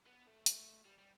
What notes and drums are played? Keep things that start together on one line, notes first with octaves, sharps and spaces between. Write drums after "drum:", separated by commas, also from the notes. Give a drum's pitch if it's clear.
B3
A3
drum: hi-hat
G3
G3